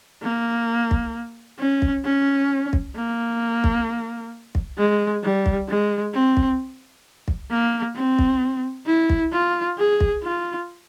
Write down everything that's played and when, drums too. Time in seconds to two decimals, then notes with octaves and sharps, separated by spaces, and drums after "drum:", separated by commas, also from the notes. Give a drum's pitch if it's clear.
0.23 A#3
0.91 drum: kick
1.59 C#4
1.82 drum: kick
2.05 C#4
2.73 drum: kick
2.96 A#3
3.64 drum: kick
4.55 drum: kick
4.78 G#3
5.23 G3
5.46 drum: kick
5.68 G#3
6.14 C4
6.37 drum: kick
7.28 drum: kick
7.50 A#3
7.96 C4
8.19 drum: kick
8.87 E4
9.10 drum: kick
9.33 F4
9.78 G#4
10.00 drum: kick
10.23 F4